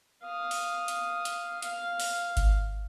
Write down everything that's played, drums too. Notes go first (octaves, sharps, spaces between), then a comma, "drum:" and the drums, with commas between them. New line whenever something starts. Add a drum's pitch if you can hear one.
F5 D#6
drum: open hi-hat
drum: hi-hat
drum: hi-hat
F5, drum: hi-hat
drum: open hi-hat
drum: kick G#1, hi-hat